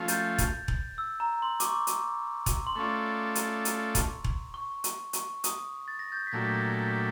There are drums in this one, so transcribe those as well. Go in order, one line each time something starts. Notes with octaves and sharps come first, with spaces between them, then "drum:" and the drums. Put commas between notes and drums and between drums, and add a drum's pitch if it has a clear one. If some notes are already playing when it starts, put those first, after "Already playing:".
Already playing: F3 A3 C#4 F4
G6 A6, drum: hi-hat
drum: kick E1, hi-hat
drum: kick E1
E6
A#5
C6
D6, drum: hi-hat
C#6
drum: hi-hat
drum: kick E1, hi-hat
C6
A3 C#4 F4 A4 D5 C#6
drum: hi-hat
drum: hi-hat
drum: kick E1, hi-hat
drum: kick E1
C#6
drum: hi-hat
C#6, drum: hi-hat
D#6, drum: hi-hat
A6
A#6
G6 A6
B6
A#2 F#3 A3 D4 G4 G#6 A#6
B6
G#6 A#6
B6